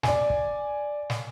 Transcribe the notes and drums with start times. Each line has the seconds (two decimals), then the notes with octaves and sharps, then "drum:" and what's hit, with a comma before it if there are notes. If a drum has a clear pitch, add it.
0.03 D5 G#5, drum: snare
0.30 drum: kick
1.10 drum: snare